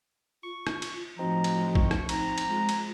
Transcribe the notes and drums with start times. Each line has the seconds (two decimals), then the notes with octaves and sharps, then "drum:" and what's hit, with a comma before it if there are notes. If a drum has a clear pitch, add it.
0.43 F4 C#6
0.67 drum: rim click
0.82 drum: cymbal
1.19 A2 F3 C4 D#4 F#4 A#5
1.44 drum: cymbal
1.75 C#6, drum: kick
1.91 drum: rim click
2.09 C4 D#4 A#5, drum: cymbal
2.38 drum: cymbal
2.50 G#3 F4
2.69 drum: cymbal